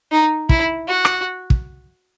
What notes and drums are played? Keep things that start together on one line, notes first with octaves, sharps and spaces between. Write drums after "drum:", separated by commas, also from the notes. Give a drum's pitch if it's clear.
D#4
E4, drum: kick
F#4
drum: rim click
drum: kick